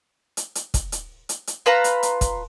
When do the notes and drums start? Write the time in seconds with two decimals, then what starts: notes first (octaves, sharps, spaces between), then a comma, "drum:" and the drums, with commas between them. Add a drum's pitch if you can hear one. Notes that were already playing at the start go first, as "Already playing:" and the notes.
0.37 drum: hi-hat
0.55 drum: hi-hat
0.74 drum: kick, hi-hat
0.92 drum: hi-hat
1.29 drum: hi-hat
1.47 drum: hi-hat
1.66 F4 B4 A5 A#5
1.84 drum: hi-hat
2.03 drum: hi-hat
2.21 drum: kick, hi-hat